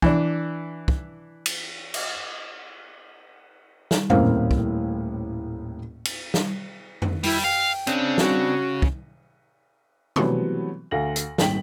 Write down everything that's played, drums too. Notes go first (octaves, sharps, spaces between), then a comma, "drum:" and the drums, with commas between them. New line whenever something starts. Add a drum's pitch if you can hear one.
E3 D4, drum: kick
drum: kick
drum: cymbal
drum: cymbal
drum: snare
D#1 A2 A#3 C4 C#4 F5, drum: tom F2
drum: kick
drum: cymbal
drum: snare
drum: tom F2
G3 E4, drum: open hi-hat
F5 G5
C#3 C4 D4, drum: hi-hat
F#4, drum: snare
drum: kick
E3 F#3 G3 A3 B3 C4, drum: tom
D2 F5 A#6 F#7
drum: hi-hat
D#1 G#1 G5 B6 F#7, drum: snare